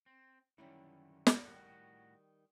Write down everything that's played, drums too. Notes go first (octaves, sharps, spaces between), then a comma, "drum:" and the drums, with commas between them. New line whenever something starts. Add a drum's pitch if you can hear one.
C4
F#2 D3 D#3 G3 C#4 E4
drum: snare
A2 D#3 G3 F#4 F#5